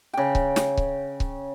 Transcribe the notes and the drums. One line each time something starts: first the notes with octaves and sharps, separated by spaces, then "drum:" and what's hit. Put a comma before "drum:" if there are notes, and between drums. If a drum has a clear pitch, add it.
C#3 G5
drum: kick C#1
drum: snare
drum: kick C#1
drum: kick C#1